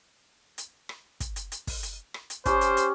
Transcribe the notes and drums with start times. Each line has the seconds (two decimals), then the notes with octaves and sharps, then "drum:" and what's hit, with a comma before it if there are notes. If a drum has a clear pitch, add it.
0.58 drum: hi-hat
0.89 drum: rim click
1.20 drum: kick, hi-hat
1.36 drum: hi-hat
1.52 drum: hi-hat
1.67 drum: kick, open hi-hat
1.83 drum: hi-hat
2.14 drum: rim click
2.30 drum: hi-hat
2.46 C#4 G4 C5 A#5, drum: kick, hi-hat
2.61 drum: hi-hat
2.77 drum: hi-hat